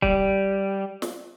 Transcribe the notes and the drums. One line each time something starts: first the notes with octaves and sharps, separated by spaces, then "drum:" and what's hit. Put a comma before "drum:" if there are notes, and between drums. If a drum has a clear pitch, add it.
G3, drum: kick
drum: snare